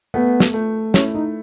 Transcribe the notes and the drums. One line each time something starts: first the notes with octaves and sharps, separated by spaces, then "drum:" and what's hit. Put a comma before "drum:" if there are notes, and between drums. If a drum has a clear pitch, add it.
A3 B3
drum: snare
A3
C#4 E4, drum: snare
D#4